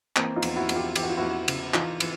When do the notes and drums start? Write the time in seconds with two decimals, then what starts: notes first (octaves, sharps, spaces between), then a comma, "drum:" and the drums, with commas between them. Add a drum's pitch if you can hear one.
0.16 E3 A#3 C4, drum: clap
0.36 D#4 F4
0.42 E2, drum: cymbal
0.56 E4 F#4
0.69 E2, drum: cymbal
0.75 F4 G4
0.96 E3 G4, drum: cymbal
1.03 F#4
1.10 F4
1.17 E2 E4 F#4
1.48 C#3, drum: cymbal
1.74 E3 D#4 F4, drum: clap
2.00 E3, drum: cymbal